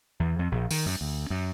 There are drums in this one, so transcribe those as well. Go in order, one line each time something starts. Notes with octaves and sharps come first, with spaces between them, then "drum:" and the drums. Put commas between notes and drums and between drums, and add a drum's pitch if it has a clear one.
E2
F2
A#1
D#3, drum: open hi-hat
F#2
D2
F#2